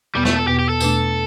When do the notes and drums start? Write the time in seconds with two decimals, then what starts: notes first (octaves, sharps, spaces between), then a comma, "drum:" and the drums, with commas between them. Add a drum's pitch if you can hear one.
0.15 E2 B2 G3 B3
0.25 A3, drum: snare
0.36 A4
0.47 E2 B2 B3 G4
0.59 G4
0.69 A4
0.80 E2 B2 A3 D4, drum: tambourine